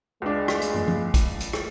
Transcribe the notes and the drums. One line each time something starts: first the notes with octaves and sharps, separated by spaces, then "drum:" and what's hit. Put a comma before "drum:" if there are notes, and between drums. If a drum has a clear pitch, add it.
C#2 G#3 D4
drum: rim click
drum: hi-hat
drum: tom
drum: tom F3
drum: kick, hi-hat
drum: hi-hat
drum: rim click